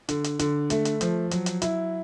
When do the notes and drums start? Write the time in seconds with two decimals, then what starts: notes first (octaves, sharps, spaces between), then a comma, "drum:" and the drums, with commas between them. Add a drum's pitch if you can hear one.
0.09 D3, drum: hi-hat
0.24 drum: hi-hat
0.39 D3, drum: hi-hat
0.70 A3, drum: hi-hat
0.85 drum: hi-hat
1.01 F3, drum: hi-hat
1.31 F#3, drum: hi-hat
1.46 drum: hi-hat
1.62 E4, drum: hi-hat